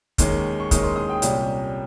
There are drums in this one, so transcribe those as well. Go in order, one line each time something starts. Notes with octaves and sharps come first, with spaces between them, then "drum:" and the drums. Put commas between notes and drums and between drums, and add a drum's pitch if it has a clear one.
D#2 D#3 G#3 C#4, drum: kick, hi-hat
C#6
D#2 D#3 G#3 C#4 D#6, drum: kick, hi-hat
C6
D#6
G5
C2 A#2 G3 C#4, drum: hi-hat